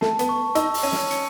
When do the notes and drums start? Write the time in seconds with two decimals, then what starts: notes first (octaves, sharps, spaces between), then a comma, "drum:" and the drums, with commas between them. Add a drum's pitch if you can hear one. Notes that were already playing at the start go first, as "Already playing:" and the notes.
0.01 A3 A5, drum: snare
0.19 B3, drum: hi-hat
0.29 C#6
0.55 D#4 E6, drum: hi-hat
0.74 drum: open hi-hat
0.83 C#4 D#7
0.92 drum: snare
1.11 C#7, drum: hi-hat